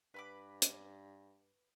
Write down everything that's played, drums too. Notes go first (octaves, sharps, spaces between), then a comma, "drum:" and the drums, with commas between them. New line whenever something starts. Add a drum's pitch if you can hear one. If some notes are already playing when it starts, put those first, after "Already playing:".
G2 B4 B5 D6
drum: hi-hat